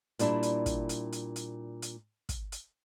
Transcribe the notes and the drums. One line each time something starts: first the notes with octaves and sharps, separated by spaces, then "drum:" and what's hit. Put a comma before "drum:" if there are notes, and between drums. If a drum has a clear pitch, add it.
A#2 G3 D4 E4, drum: hi-hat
drum: hi-hat
drum: kick, hi-hat
drum: hi-hat
drum: hi-hat
drum: hi-hat
drum: hi-hat
drum: kick, hi-hat
drum: hi-hat